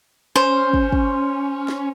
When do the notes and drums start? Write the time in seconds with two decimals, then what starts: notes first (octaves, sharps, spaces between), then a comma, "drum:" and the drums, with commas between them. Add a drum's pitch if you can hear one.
0.36 C#4 C5
0.74 drum: kick
0.92 drum: kick
1.68 drum: snare